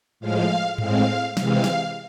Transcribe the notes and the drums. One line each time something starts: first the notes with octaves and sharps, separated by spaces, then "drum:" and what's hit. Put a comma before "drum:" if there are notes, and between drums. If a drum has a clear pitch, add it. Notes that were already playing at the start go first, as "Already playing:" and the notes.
A2 F3 G#3 F5
A2 G#3 C4 F5, drum: tom G2
C3 E3 G#3 C4 F5, drum: snare
drum: snare